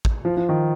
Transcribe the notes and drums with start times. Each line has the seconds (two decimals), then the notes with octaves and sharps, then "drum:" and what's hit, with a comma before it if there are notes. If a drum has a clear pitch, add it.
0.05 drum: kick
0.25 F3
0.37 F3
0.49 D#3